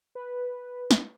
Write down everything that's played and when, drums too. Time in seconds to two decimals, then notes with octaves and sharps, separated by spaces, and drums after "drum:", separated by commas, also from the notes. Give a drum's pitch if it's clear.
0.15 B4
0.91 drum: snare